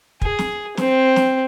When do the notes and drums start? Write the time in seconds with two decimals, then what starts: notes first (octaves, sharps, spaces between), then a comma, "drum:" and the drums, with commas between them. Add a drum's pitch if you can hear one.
0.22 G#4, drum: kick
0.39 drum: snare
0.77 C4, drum: snare
1.16 drum: snare